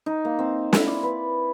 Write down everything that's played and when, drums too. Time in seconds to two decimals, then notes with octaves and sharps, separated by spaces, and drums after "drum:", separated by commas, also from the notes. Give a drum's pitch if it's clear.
0.06 D#4
0.25 A#3
0.39 C4
0.73 E4, drum: snare
0.87 D5
1.03 B4